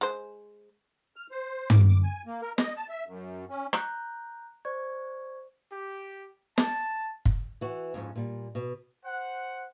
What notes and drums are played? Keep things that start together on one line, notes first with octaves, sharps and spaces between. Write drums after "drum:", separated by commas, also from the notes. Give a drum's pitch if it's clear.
G#3 C5
F6
C5
D6, drum: tom
D6
G#5
A#3
A#4
D#5, drum: snare
A5
E5
F#2
C#4
A#5 F#6 G6, drum: rim click
C5 D5 C#6 G#6
G4
A5, drum: snare
drum: kick
E3 F#4
F2 G#2 C#4
A#2 G3
B2
C5 F#5